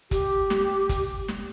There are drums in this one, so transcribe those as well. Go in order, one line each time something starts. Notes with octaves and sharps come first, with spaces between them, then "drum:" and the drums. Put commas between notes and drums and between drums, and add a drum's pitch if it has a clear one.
G4, drum: kick, hi-hat
drum: snare
drum: kick, hi-hat
drum: snare